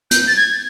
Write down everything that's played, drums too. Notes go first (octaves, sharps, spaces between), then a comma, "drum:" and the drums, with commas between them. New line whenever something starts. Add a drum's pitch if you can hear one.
G6, drum: hi-hat
A6
G#6